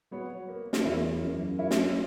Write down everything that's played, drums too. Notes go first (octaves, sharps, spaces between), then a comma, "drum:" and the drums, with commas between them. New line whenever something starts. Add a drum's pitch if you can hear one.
F#3 B3 F#4 C#5
A#3
drum: snare
E2 E4 A#4 C#5
F#2 A#3
E4 A#4 C#5
drum: snare